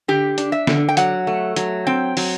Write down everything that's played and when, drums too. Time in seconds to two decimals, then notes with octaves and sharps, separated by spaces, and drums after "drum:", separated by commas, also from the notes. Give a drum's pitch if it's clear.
0.08 D3 G4
0.38 D4, drum: hi-hat
0.52 E5
0.67 D3, drum: snare
0.89 G5
0.97 F#3 F#5, drum: hi-hat
1.27 A3
1.56 F#3, drum: hi-hat
1.87 C4 G5
2.17 F#3, drum: open hi-hat